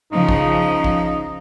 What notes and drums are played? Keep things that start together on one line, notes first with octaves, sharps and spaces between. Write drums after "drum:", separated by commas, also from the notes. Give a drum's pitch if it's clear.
C#3 F3 D#4
drum: kick
drum: kick